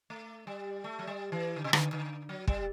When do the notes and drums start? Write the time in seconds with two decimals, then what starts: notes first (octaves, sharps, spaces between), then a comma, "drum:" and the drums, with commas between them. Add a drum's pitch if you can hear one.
0.10 A3
0.47 G3
0.84 A3
0.99 F#3
1.07 G3
1.32 E3
1.56 D3
1.64 C3
1.73 D3, drum: rim click
1.93 D3
2.29 F#3
2.47 G3, drum: kick